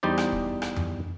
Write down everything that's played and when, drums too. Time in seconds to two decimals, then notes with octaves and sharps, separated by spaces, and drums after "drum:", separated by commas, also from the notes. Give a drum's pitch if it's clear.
0.03 E2 G3 D#4 C5 D5
0.18 drum: rim click
0.32 drum: kick
0.62 drum: rim click
0.76 drum: tom F2